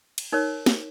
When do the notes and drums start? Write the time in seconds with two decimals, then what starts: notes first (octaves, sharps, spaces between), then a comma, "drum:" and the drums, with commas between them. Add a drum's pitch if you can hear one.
0.18 drum: cymbal
0.32 D#4 A#4 C#5
0.66 drum: snare